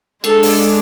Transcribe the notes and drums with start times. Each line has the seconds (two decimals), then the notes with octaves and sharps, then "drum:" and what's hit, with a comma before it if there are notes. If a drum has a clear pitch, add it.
0.24 G#3 D4 A4, drum: cymbal
0.43 drum: open hi-hat